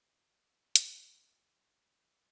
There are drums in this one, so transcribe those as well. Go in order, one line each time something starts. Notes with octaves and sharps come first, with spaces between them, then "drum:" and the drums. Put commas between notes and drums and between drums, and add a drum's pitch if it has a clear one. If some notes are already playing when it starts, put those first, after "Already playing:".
Already playing: A#3
drum: hi-hat
C4